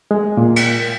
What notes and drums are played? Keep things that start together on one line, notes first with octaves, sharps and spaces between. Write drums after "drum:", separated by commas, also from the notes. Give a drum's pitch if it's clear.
G#3
A#2
drum: cymbal